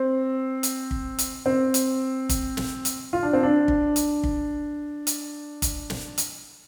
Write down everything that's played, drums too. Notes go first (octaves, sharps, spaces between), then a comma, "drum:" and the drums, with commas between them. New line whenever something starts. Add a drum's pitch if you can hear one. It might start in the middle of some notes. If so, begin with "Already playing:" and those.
Already playing: C4
drum: hi-hat
drum: kick
drum: hi-hat
C4
drum: hi-hat
drum: kick, hi-hat
drum: snare
drum: hi-hat
F4
D4
C4
D4
drum: kick
drum: hi-hat
drum: kick
drum: hi-hat
drum: kick, hi-hat
drum: snare
drum: hi-hat